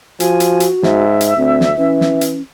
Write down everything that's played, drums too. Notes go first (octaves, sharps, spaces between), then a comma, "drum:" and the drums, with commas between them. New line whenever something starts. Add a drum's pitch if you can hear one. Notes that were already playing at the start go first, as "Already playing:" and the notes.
F3 F#4 G#5, drum: hi-hat
drum: hi-hat
drum: hi-hat
G#2 E5, drum: snare
drum: hi-hat
D2 C4
drum: snare
E3 C#4
drum: snare
drum: hi-hat